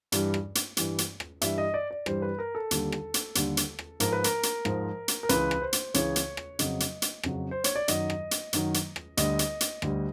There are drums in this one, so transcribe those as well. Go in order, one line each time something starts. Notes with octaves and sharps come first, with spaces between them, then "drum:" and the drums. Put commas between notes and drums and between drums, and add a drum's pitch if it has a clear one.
G2 E3 G3, drum: hi-hat
drum: rim click
drum: hi-hat
G2 E3 G3, drum: hi-hat
drum: hi-hat
drum: rim click
G2 E3 G3 E5, drum: hi-hat
D#5
D5
D5
G2 E3 G3 C5, drum: rim click
B4
A#4
A4
D#2 D3 G3, drum: hi-hat
drum: rim click
drum: hi-hat
D#2 D3 G3, drum: hi-hat
drum: hi-hat
drum: rim click
G#2 F3 A#4, drum: hi-hat
B4
A#4, drum: hi-hat
drum: hi-hat
G#2 F3, drum: rim click
drum: hi-hat
A#4
C#2 C#3 E3 B4, drum: hi-hat
drum: rim click
C5
drum: hi-hat
C#2 C#3 E3 C#5, drum: hi-hat
drum: hi-hat
drum: rim click
F2 C#3 F#3 D#5, drum: hi-hat
drum: hi-hat
drum: hi-hat
F2 C#3 F#3, drum: rim click
C5
C#5, drum: hi-hat
D5
F#2 D#3 F#3 D#5, drum: hi-hat
drum: rim click
drum: hi-hat
F#2 D#3 F#3, drum: hi-hat
drum: hi-hat
drum: rim click
D2 D3 G3 D#5, drum: hi-hat
drum: hi-hat
drum: hi-hat
D2 D3 G3, drum: rim click